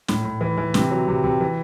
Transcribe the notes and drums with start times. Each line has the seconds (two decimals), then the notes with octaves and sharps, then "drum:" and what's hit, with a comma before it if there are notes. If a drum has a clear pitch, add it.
0.08 A2, drum: snare
0.25 A2
0.41 E3
0.58 E3
0.74 C3, drum: snare
0.91 F#3
1.08 C3
1.24 C3
1.40 E3